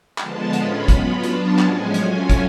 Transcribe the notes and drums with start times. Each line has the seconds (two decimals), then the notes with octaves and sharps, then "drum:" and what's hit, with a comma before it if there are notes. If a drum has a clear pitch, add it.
0.18 D3 F3 G#3 B3 F4 A5, drum: clap
0.53 A2 G#3 C#4 F4 B5, drum: hi-hat
0.88 F#3 B3 F4, drum: kick, hi-hat
1.23 F#3 B3 D4 F4 A5, drum: hi-hat
1.59 A2 F3 G#3 C#4 G#5, drum: clap
1.94 F#3 A3 C#4 F4, drum: hi-hat
2.30 drum: kick, hi-hat